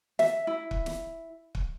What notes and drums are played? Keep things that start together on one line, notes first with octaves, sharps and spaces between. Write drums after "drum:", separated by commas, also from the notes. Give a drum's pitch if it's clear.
E5, drum: snare
E4
drum: kick
drum: snare
drum: kick